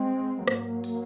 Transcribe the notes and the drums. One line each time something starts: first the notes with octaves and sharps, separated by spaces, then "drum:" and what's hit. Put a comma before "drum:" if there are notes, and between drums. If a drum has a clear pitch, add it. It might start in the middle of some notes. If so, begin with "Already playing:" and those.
Already playing: G#3 C4
G#2 F#3 A#3, drum: rim click
drum: open hi-hat